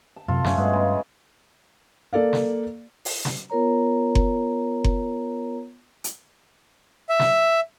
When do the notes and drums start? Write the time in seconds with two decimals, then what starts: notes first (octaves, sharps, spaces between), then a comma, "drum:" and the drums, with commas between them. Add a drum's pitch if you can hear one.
0.16 A5
0.28 F#2 C3 F4 A4
0.44 F#2 A3 C#4, drum: snare
0.58 G2 B2 G#3
0.73 C#3
2.13 A#3 A4 D5 F5
2.33 drum: snare
3.05 drum: open hi-hat
3.25 drum: snare
3.50 B3 F4 A#4 C#5 A#5
4.15 drum: kick F#1
4.84 drum: kick F#1
6.04 drum: hi-hat
7.09 E5
7.19 drum: snare